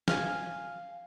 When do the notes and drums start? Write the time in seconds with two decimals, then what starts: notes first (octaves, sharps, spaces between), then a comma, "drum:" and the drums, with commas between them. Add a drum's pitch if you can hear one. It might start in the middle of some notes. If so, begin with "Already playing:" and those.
0.08 F5 G#5, drum: snare